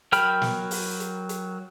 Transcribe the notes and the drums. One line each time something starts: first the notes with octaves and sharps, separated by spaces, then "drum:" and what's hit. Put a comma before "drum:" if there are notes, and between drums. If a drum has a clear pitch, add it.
F#3 A#4 G5 B5 F6, drum: hi-hat
drum: snare
drum: open hi-hat
drum: hi-hat
drum: hi-hat